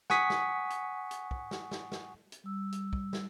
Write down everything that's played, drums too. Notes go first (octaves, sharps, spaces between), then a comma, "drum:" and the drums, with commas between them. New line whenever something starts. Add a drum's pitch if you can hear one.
F#5 G#5 C#6 D#6 B6, drum: snare
drum: snare
drum: hi-hat
drum: hi-hat
drum: kick
drum: snare
drum: snare
drum: snare
drum: hi-hat
G3 E6
drum: hi-hat
drum: kick
drum: snare